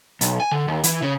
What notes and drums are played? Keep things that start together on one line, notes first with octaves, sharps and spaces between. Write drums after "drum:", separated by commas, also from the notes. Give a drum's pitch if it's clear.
B1, drum: hi-hat
G#5
D3
D#2
E3, drum: hi-hat
C#3